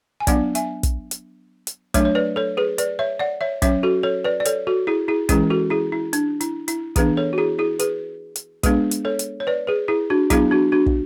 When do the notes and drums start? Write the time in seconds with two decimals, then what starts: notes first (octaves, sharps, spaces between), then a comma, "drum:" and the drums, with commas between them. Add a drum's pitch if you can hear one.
0.20 G#5
0.27 F#3 B3 D4 D5 F#5, drum: kick, hi-hat
0.55 E5 G#5, drum: hi-hat
0.83 drum: kick, hi-hat
1.11 drum: hi-hat
1.67 drum: hi-hat
1.94 F#3 A3 D4 C#5 E5, drum: kick, hi-hat
2.05 C#5
2.15 B4 D5
2.36 A4 C#5
2.57 G#4 B4
2.78 B4 D5, drum: hi-hat
2.99 C#5 E5
3.19 D5 F#5
3.41 C#5 E5
3.62 F#3 C#4 C#5 E5, drum: kick, hi-hat
3.83 F#4 A4
4.03 A4 C#5
4.24 B4 D5
4.40 D5
4.45 A4 C#5, drum: hi-hat
4.67 F#4 A4
4.87 E4 G#4
5.08 E4 G#4
5.29 E3 G#3 C#4 E4 G#4, drum: kick, hi-hat
5.50 F#4 A4
5.70 E4 G#4
5.92 E4
6.13 D4, drum: hi-hat
6.41 E4, drum: hi-hat
6.68 E4, drum: hi-hat
6.96 E3 B3 D4 G#4 B4, drum: kick, hi-hat
7.17 A4 C#5
7.33 F#4
7.38 E4 G#4
7.59 E4 G#4
7.79 G#4 B4, drum: hi-hat
8.36 drum: hi-hat
8.63 G#3 B3 D4 G#4 B4, drum: kick, hi-hat
8.91 drum: hi-hat
9.05 A4 C#5
9.19 drum: hi-hat
9.40 C#5
9.47 B4 D5
9.67 G#4 B4
9.88 E4 G#4
10.10 D4 F#4
10.30 F#3 B3 D4 E4 G#4, drum: kick, hi-hat
10.51 D4 F#4
10.72 D4 F#4
10.86 drum: kick